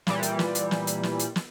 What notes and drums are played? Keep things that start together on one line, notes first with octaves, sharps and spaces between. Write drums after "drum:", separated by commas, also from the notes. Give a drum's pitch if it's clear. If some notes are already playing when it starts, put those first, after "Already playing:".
A#2 E3 G3, drum: snare
drum: hi-hat
drum: snare
drum: hi-hat
drum: snare
drum: hi-hat
drum: snare
drum: hi-hat
drum: snare